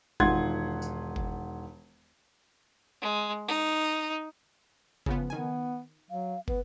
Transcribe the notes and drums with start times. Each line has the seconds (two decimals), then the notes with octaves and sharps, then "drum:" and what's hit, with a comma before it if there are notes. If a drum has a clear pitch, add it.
0.20 E1 D#3 F4 F#5 C6 G#6, drum: kick
0.82 drum: tambourine
1.16 drum: kick
3.02 G#3
3.48 D#4
5.06 C#3 F3 B3, drum: kick
5.30 D#3 B3 G#5
6.10 F#3 F5
6.48 B3 B4, drum: kick